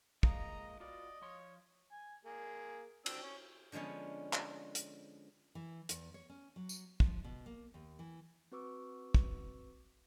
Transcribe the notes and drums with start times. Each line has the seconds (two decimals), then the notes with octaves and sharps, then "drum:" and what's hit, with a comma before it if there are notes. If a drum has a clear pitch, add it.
0.23 G#3 A#3 F4 D#5 A#5, drum: kick
0.80 B3 F4 F#4 D5 D#5
1.22 F3 C#5 C6
1.92 G#5
2.25 A#3 G#4
3.06 C4 D4 E6, drum: cymbal
3.22 C#4
3.72 D3 F3 G#3 B3 C#4
4.33 drum: clap
4.75 drum: hi-hat
5.55 E3
5.89 E2, drum: hi-hat
6.14 C#5
6.29 C#4
6.56 F#3
6.69 drum: tambourine
7.00 F3, drum: kick
7.24 B2
7.46 A#3
7.74 D#2
7.99 E3
8.52 C4 F#4 B4 C#6 D6 E6
9.14 drum: kick